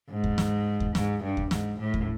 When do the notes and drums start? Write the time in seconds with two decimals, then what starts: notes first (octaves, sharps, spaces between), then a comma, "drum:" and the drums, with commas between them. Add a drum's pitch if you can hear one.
0.10 G#2
0.24 drum: kick D#2
0.38 drum: snare
0.80 drum: kick D#2
0.95 G#2, drum: snare
1.23 G2
1.37 drum: kick D#2
1.51 G#2, drum: snare
1.80 A2
1.94 drum: kick D#2